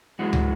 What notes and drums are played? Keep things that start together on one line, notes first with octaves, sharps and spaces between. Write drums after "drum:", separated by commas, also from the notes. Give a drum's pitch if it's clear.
F#2 E3 G#3 F#4
drum: tom